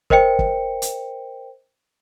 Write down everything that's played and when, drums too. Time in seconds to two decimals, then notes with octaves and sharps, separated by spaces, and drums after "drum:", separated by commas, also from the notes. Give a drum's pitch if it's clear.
0.10 A#4 C5 D#5 G5 C#7, drum: kick
0.39 drum: kick
0.82 drum: hi-hat